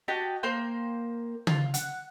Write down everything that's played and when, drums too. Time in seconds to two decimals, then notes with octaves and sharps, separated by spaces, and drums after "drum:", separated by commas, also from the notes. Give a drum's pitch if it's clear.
0.08 F#4 G4 D#5 A5
0.43 A#3 A#4 C5 G5
1.47 F4, drum: tom
1.74 F#5, drum: hi-hat